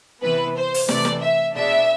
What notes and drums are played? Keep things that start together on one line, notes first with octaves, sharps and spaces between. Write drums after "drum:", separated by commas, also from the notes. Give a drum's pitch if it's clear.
C3 E3 B3 B4
C5
drum: open hi-hat
C3 E3 A3 D5, drum: snare
drum: snare
E5
B2 G#3 B3 D4 E5